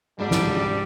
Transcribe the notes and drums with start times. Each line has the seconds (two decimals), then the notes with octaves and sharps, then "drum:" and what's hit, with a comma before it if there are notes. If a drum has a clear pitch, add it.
0.20 G#2 G3 G#3 D4 F#4 E6
0.31 drum: snare